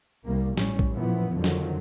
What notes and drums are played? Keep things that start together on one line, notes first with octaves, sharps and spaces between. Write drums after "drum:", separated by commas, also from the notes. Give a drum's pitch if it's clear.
C2 G3 A#3
A1 G3 C#4, drum: snare
drum: kick
F#2 A#2 E3 F3 B3
F2 D3 D#3 F3 F#3
drum: snare